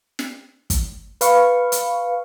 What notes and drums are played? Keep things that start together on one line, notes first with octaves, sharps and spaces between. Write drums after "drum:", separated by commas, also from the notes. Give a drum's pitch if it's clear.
drum: snare
drum: kick, hi-hat
B4 F5 C#6, drum: hi-hat
drum: hi-hat